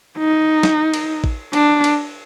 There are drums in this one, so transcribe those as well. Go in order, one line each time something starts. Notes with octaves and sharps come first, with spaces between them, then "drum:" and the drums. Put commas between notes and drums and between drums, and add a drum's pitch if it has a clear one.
D#4
drum: snare
drum: cymbal
drum: kick A1
D4, drum: cymbal
drum: cymbal